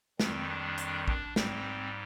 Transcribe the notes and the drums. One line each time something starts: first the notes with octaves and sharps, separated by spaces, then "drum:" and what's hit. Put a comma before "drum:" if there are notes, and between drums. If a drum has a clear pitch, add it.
F2 D#3 G3 C4, drum: snare
D4
drum: hi-hat
D4, drum: kick
G#2 G3 C4, drum: snare